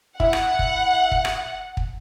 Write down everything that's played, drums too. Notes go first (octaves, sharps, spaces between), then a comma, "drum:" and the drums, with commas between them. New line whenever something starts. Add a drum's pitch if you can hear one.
E4 F#5, drum: kick
drum: rim click
drum: kick
drum: kick
drum: rim click
drum: kick